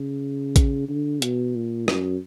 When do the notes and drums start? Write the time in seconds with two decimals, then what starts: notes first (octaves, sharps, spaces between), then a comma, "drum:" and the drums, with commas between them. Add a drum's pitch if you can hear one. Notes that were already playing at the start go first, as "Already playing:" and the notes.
Already playing: C#3
0.56 drum: kick A1, hi-hat
0.88 D3
1.22 B2, drum: hi-hat
1.55 A#2
1.88 F#2, drum: rim click